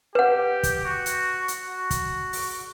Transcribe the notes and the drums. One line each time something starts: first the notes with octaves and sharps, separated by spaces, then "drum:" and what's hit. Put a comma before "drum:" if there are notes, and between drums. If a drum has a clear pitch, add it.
G4 B4 F#5
drum: kick, hi-hat
F#4
drum: hi-hat
drum: hi-hat
F#4
drum: kick, hi-hat
drum: open hi-hat